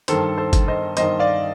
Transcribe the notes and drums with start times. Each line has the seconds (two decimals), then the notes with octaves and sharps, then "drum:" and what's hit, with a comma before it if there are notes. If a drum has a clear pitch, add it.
0.08 G2 D#3 A4 C5, drum: hi-hat
0.38 A4 C5
0.53 drum: kick G1, hi-hat
0.68 C5 D#5
0.97 G2 D#3 C5 D#5, drum: hi-hat
1.19 D5 F5